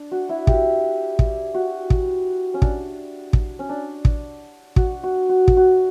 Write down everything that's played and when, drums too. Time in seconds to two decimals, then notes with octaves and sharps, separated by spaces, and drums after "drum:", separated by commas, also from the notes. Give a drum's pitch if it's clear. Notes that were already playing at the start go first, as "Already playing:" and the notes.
Already playing: D4
0.12 F#4
0.29 E4
0.47 G4, drum: kick
1.19 drum: kick
1.54 F#4
1.90 drum: kick
2.54 C#4
2.62 D4, drum: kick
3.33 drum: kick
3.59 C#4
3.69 D4
4.05 drum: kick
4.76 F#4, drum: kick
5.03 F#4
5.29 F#4
5.48 drum: kick
5.57 F#4